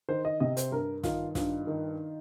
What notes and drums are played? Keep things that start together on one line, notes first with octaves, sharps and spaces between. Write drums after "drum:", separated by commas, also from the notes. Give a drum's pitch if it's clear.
D#3 C5
D#5
C3 D#5
C5, drum: hi-hat
G2 A#4
D#3 F4, drum: snare
G2 F4, drum: snare
D#3